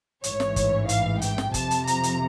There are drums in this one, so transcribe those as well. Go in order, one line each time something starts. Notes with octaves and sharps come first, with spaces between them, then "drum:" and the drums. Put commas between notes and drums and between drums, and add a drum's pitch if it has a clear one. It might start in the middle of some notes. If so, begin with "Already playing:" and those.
A1 G#2 E3 C#5, drum: hi-hat
drum: snare
drum: kick, hi-hat
F5, drum: hi-hat
G5, drum: hi-hat
drum: snare
F2 C3 F3 A5, drum: kick, hi-hat
drum: hi-hat
A#5, drum: hi-hat
drum: hi-hat